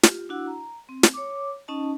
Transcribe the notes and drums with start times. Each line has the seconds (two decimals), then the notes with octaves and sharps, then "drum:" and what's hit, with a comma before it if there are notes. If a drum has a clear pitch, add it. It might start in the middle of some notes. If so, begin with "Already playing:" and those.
0.03 F4 G4, drum: snare
0.29 D4 E4 F#4 F#5 E6
0.47 A#5
0.89 C4
1.03 drum: snare
1.14 C#5 D6
1.68 C#4 D#4 D#5 A5